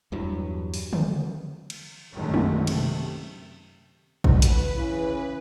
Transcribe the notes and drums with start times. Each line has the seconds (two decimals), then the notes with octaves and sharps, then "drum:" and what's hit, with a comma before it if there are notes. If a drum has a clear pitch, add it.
0.12 E2 G2 F#3
0.74 drum: open hi-hat
0.93 drum: tom
1.70 drum: cymbal
2.13 A#1 F#2 D3 D#3 G#3 A3
2.34 drum: tom G#3
2.67 C3 A3, drum: cymbal
4.24 B4, drum: kick A1
4.42 drum: hi-hat
4.75 C#3 E3